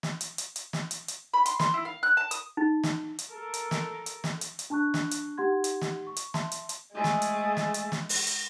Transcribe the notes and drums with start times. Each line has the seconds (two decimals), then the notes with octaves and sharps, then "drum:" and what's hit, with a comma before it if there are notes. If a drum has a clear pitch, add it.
0.03 drum: snare
0.21 drum: hi-hat
0.38 drum: hi-hat
0.56 drum: hi-hat
0.73 drum: snare
0.91 drum: hi-hat
1.08 drum: hi-hat
1.34 B5
1.46 C6, drum: hi-hat
1.59 C6, drum: snare
1.74 E4
1.85 F5
2.03 F#6
2.17 A5
2.31 D#6, drum: hi-hat
2.57 D#4
2.83 drum: snare
3.19 drum: hi-hat
3.31 A4 A#4
3.54 drum: hi-hat
3.71 drum: snare
4.06 drum: hi-hat
4.24 drum: snare
4.41 drum: hi-hat
4.59 drum: hi-hat
4.70 D4 A5 C#6 F#6
4.94 drum: snare
5.11 drum: hi-hat
5.38 D#4 G4 F#5 C6 G#6
5.64 drum: hi-hat
5.81 drum: snare
6.07 C#6
6.16 drum: hi-hat
6.34 E5 A5 C6, drum: snare
6.52 drum: hi-hat
6.69 drum: hi-hat
6.95 G#3 A3 G#4
7.04 drum: snare
7.22 drum: hi-hat
7.57 drum: snare
7.74 drum: hi-hat
7.92 drum: snare
8.09 drum: open hi-hat
8.27 drum: hi-hat